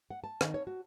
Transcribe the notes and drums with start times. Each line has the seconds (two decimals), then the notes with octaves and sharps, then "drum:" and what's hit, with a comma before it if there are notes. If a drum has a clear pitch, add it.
0.10 F#5
0.24 A5
0.41 D#3, drum: rim click
0.54 C#5
0.67 F#4